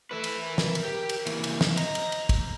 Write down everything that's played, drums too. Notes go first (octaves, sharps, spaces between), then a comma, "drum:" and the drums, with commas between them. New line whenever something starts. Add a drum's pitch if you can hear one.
A3 B4 E5
drum: cymbal
A#4
drum: snare
drum: cymbal
G4
drum: cymbal
E3 A#3, drum: cymbal
drum: cymbal
drum: snare
D#5 A#5, drum: cymbal
drum: cymbal
drum: cymbal
drum: kick, cymbal